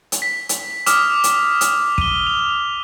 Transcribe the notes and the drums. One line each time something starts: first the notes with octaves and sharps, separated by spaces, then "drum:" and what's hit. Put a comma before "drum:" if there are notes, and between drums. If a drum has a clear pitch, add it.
drum: hi-hat
B6
drum: hi-hat
D6 D#6 F6 F7, drum: hi-hat
drum: hi-hat
drum: hi-hat
D#7 G7, drum: kick
F7